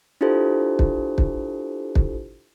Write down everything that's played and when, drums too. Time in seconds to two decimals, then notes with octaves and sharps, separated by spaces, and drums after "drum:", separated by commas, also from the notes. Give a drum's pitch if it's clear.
0.21 D4 E4 F4 G4 A4 C5
0.79 drum: kick
1.18 drum: kick
1.95 drum: kick